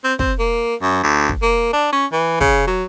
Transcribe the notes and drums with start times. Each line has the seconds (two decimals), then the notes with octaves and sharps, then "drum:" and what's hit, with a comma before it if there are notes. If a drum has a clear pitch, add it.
0.04 C4
0.19 C4, drum: kick
0.39 A#3
0.82 F#2
1.04 D2
1.29 drum: kick
1.42 A#3
1.73 D4
1.93 C#4
2.13 E3
2.40 C#3, drum: kick
2.67 F#3